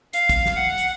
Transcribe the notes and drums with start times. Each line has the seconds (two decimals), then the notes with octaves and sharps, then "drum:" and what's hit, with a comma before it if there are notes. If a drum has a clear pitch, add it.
0.13 F5, drum: hi-hat
0.29 drum: kick, hi-hat
0.46 drum: snare
0.56 F#5
0.78 drum: hi-hat